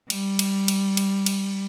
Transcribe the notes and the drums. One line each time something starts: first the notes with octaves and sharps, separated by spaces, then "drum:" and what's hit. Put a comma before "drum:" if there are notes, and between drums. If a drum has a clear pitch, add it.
G3, drum: cymbal
drum: cymbal
drum: cymbal
drum: cymbal
drum: cymbal